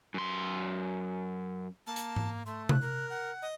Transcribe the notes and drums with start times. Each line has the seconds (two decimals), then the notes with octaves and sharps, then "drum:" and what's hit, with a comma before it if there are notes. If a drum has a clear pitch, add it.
0.14 F#2 C6
1.87 A#3 A5
1.96 drum: hi-hat
2.16 drum: tom G#2
2.46 A3 C6
2.69 F#6, drum: tom C3
2.81 A#4
3.10 F#5
3.42 D#5